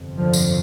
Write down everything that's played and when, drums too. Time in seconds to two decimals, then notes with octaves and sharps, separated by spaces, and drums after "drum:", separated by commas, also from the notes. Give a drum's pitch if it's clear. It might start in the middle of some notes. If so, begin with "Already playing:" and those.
Already playing: G1 F2 C3
0.18 D3 F3
0.33 drum: tambourine